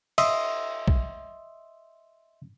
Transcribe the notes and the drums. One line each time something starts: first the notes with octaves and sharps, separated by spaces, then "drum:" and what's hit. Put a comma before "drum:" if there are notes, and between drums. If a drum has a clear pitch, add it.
D#5 E5 C6 D#6 E6, drum: cymbal
drum: kick